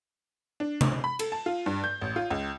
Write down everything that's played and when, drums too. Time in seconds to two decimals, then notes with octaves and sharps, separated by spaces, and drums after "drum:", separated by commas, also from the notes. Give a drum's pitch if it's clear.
0.60 D4
0.81 drum: tom C3
1.04 B5
1.19 A4, drum: cymbal
1.32 A5
1.46 F4
1.66 G2
1.84 G6
2.01 A1
2.16 F4
2.31 C#2